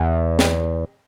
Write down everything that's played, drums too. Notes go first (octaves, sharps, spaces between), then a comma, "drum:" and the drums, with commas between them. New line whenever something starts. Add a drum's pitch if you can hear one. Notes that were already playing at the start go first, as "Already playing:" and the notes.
Already playing: E2
drum: snare